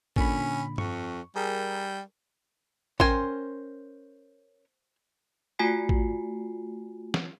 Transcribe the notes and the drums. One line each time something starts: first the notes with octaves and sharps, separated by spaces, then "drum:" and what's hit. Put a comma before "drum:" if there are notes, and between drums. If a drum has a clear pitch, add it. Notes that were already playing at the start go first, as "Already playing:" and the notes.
A#2 D3 C#4 B5, drum: kick A1
F2 C#6, drum: tom G2
G3 G#4 A#4
C#4 A#4 C5 G5 G#5, drum: kick A1
A3 F4 F#4 G#5 B6 C7
drum: kick A1
drum: snare